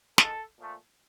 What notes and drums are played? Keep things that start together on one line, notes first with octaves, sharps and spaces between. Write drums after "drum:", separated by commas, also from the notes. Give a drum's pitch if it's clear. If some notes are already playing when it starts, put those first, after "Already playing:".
D#3 G#3 A4, drum: snare
A#2 F3 A3